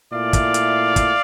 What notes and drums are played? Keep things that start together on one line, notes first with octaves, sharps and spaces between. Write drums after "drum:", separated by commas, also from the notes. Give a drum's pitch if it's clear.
A#2 A3 E4 D5 F5
drum: kick, hi-hat
drum: hi-hat
drum: kick, hi-hat